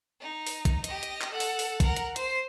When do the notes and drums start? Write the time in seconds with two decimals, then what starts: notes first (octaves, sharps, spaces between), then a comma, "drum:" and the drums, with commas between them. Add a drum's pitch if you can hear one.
0.20 D#4
0.47 drum: open hi-hat
0.65 drum: kick, hi-hat
0.84 G4 D#5, drum: hi-hat
1.03 drum: hi-hat
1.21 drum: clap
1.31 A4 F#5
1.40 drum: open hi-hat
1.59 drum: open hi-hat
1.80 A#4 F#5, drum: kick, hi-hat
1.96 drum: hi-hat
2.16 C5 C7, drum: hi-hat